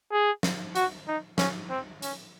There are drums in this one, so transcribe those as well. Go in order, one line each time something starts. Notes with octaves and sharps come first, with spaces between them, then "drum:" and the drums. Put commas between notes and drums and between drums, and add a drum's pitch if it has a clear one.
G#4
drum: snare
F#4, drum: hi-hat
D#4
C#4, drum: snare
C4
C#4, drum: hi-hat